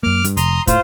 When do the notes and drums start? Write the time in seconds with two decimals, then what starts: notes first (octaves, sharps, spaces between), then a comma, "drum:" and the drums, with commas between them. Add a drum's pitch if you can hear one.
0.03 F#2 A#3 D6 F6
0.24 G2, drum: hi-hat
0.37 F1 A#5 C6 D#6, drum: hi-hat
0.67 A2 F4 C5, drum: kick, hi-hat